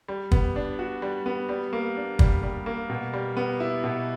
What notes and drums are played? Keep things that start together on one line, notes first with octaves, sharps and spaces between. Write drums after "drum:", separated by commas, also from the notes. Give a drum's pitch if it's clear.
G3
B3, drum: kick
D4
F#4
G3
B3
G3
A#3
D4
G3, drum: kick
G3
A#3
B2
G3
B3
E4
B2